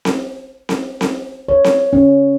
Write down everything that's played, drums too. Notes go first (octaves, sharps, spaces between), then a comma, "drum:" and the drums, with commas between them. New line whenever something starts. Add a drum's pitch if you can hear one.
drum: snare C4
drum: snare C4
drum: snare C4
C#5
drum: snare C4
C#4